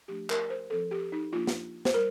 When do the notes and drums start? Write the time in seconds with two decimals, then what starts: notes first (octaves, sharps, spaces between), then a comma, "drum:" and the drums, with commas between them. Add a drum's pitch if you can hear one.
0.08 F3 A3 D4 G4
0.30 A#4, drum: clap
0.50 C5
0.70 F3 C4 A4
0.91 G4
1.12 D#4
1.33 F3 A#3 D4 F4
1.47 drum: snare
1.85 C5, drum: snare
1.94 G3 A#4